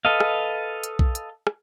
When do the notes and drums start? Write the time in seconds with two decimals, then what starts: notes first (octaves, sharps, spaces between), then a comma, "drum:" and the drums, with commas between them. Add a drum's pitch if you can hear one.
0.05 A4 B4 D#5 F5
0.20 drum: rim click
0.84 drum: hi-hat
0.99 drum: kick B1
1.15 drum: hi-hat
1.47 drum: rim click